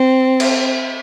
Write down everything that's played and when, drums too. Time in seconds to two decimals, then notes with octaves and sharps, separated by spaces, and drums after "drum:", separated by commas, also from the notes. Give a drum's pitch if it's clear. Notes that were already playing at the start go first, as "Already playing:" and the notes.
Already playing: C4
0.40 drum: cymbal